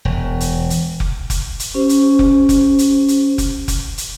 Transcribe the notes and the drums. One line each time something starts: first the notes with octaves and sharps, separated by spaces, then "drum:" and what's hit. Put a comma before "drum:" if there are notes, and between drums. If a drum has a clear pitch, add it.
E1
drum: hi-hat
drum: hi-hat
drum: kick F1
drum: kick F1, hi-hat
drum: hi-hat
C#4 G4 C5
drum: hi-hat
drum: kick F1
drum: kick F1, hi-hat
drum: hi-hat
drum: hi-hat
drum: kick F1, hi-hat
drum: kick F1, hi-hat
drum: hi-hat